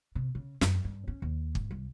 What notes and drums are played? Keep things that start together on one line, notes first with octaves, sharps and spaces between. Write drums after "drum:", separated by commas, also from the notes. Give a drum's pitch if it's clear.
C3
C#3
F#2, drum: snare
G2
C#4
D#2
G#2, drum: kick
C2